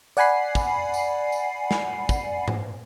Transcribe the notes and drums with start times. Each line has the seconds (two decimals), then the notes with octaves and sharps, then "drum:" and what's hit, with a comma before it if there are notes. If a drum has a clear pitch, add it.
0.17 D5 F#5 G#5 B5 C7, drum: tambourine
0.55 drum: kick, tambourine
0.94 drum: tambourine
1.32 drum: tambourine
1.71 drum: snare
2.09 drum: kick, tambourine
2.48 drum: tom G#2